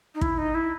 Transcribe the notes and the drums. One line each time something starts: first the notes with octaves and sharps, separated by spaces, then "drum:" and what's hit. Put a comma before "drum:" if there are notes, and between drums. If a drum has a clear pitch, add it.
D#4
E4, drum: kick
D#4
E4